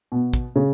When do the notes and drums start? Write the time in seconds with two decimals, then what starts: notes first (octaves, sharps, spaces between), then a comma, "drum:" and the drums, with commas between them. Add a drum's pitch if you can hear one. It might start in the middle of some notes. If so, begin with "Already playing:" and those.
0.12 B2
0.33 drum: kick, hi-hat
0.56 C#3